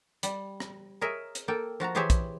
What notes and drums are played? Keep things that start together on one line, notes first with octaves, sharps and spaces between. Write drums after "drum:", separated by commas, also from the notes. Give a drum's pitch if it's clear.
G3, drum: hi-hat
drum: rim click
G#4 A#4 C#5 D#5 E5
drum: hi-hat
A#3 A4 G5
F3 F#4 A5 A#5
E3 G4 G#4 C5 C#5 E5
drum: kick, hi-hat